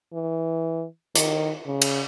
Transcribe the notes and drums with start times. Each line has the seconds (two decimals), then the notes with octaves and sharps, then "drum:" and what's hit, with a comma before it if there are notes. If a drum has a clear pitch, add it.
0.14 E3
1.15 D#3, drum: hi-hat
1.67 C#3
1.82 drum: cymbal